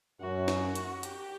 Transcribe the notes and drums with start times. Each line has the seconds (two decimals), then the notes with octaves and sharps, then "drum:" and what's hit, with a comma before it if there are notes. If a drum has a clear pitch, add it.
0.20 F#2 F#4
0.48 drum: snare
0.75 drum: hi-hat
1.03 G4, drum: hi-hat